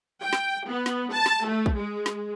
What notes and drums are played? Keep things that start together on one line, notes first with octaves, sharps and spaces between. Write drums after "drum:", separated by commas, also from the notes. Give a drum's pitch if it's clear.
G5
drum: snare
B3
drum: snare
A5
drum: snare
A3
drum: kick
G#3
drum: snare